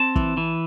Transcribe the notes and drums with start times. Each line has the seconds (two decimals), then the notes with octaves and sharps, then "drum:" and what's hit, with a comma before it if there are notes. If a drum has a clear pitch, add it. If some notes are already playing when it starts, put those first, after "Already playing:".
Already playing: C4 A5
0.16 E3, drum: kick
0.37 E3